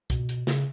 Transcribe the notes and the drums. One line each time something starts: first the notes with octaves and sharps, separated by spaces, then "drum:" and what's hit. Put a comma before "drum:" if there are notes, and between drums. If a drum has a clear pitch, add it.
B2, drum: kick, hi-hat
drum: hi-hat
C#3, drum: snare